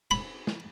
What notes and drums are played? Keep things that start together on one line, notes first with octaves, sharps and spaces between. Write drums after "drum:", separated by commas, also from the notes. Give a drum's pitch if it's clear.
B5, drum: cymbal
drum: snare